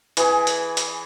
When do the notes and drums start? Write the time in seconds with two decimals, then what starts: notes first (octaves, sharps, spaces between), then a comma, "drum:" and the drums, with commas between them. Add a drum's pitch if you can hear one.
0.17 E3 G#4, drum: hi-hat
0.47 drum: hi-hat
0.77 drum: hi-hat